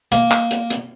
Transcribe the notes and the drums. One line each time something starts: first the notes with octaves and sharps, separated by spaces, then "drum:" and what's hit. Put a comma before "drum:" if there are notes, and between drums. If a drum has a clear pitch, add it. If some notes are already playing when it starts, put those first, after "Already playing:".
A#3, drum: hi-hat
drum: clap
drum: hi-hat
drum: hi-hat